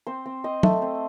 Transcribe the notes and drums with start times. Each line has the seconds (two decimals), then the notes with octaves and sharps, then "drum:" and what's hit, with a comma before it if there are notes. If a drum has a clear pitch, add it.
0.07 C4 C5
0.26 C4
0.44 C4 D#5
0.63 A3, drum: tom
0.82 C4